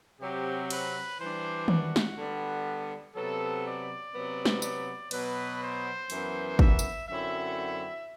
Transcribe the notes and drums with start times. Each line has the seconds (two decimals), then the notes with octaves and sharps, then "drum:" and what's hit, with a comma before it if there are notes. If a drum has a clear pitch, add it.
0.21 C3 F#3 C4 G4
0.70 B4, drum: cymbal
1.19 E3 G3 D4 C5
1.68 F#4, drum: tom D#3
1.96 drum: snare
2.17 D3 G3 B3
3.15 C3 F#3 B3 A4
3.65 D5
4.14 C3 F#3 B3
4.45 drum: snare
4.62 D5, drum: tambourine
5.11 B2 F#3 B3 B4, drum: cymbal
5.60 C5
6.10 F#2 E3 B3, drum: hi-hat
6.59 E5, drum: kick
6.79 drum: tambourine
7.08 F#2 D3 F#3 C4 E4 E5